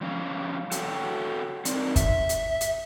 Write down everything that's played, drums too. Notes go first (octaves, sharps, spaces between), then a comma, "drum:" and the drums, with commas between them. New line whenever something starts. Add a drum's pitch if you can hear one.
F3 G3 C#4 F5
F#4 A4 C#5 F#5 G5, drum: hi-hat
F#3 C4 D#4 A#4 D5, drum: hi-hat
E5, drum: kick, hi-hat
drum: hi-hat
drum: hi-hat